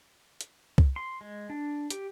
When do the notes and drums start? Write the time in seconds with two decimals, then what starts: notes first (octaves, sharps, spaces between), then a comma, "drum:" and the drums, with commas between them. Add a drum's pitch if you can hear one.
0.41 drum: hi-hat
0.78 drum: kick C2
0.96 C6
1.21 G#3
1.50 D4
1.90 G4, drum: hi-hat